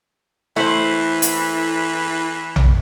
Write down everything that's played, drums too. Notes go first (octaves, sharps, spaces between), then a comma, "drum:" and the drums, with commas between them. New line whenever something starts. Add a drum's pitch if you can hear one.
E3 A3 E4 C5 B5
drum: hi-hat
drum: tom A#1